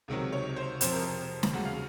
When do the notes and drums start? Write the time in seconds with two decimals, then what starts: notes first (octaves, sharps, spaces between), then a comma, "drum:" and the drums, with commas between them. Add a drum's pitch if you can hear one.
0.08 C#2 C3 D#3 F#3
0.32 C#5
0.56 C5
0.81 F2 C3 F3 C5, drum: hi-hat
0.91 A#4
1.02 C5
1.43 drum: snare
1.53 D#2 C#3 F#3 F#5
1.65 F5